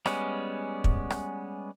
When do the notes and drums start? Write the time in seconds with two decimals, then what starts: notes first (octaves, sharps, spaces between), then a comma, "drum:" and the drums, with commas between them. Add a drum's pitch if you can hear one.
0.06 G3 G#3 B3 C#4, drum: rim click
0.84 drum: kick
1.10 drum: rim click